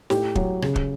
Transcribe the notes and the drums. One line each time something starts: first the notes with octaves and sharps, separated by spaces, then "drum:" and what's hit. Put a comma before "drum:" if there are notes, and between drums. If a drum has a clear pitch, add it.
A2 G4, drum: snare
F#3, drum: kick
C#3, drum: rim click
drum: kick